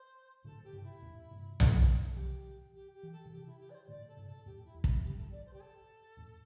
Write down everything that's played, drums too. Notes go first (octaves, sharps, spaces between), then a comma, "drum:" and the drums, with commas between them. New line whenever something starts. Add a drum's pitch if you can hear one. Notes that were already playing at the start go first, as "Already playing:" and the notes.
Already playing: C5
A2 D3 A4
G4
G2 C3
E4
E2 A2
G2 C3
drum: tom B1
A4
C3 E3 G4
G4
G4
E3
A4
C3 E3
G4
E4
G4
D5
C5
A2 D3 D5
A4
G2 C3
A4
E2 A2 G4
E4
E2
E4, drum: kick
G2 G4
A4
D5
C5
G4
A4
E2 A2